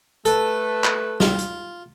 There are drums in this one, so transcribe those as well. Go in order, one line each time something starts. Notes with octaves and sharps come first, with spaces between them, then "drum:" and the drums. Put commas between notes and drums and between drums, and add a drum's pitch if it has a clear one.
A3 A4 B4, drum: hi-hat
drum: clap
F4, drum: snare
drum: hi-hat